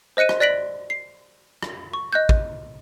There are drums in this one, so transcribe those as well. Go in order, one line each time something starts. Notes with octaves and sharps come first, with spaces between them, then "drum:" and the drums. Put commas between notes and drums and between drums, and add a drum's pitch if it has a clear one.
C5 D#5 F#6 C#7 D#7
drum: rim click
D5 F#6 A#6 B6 D7 F#7
C7
drum: rim click
C#6
D#5 F#6 G6
drum: kick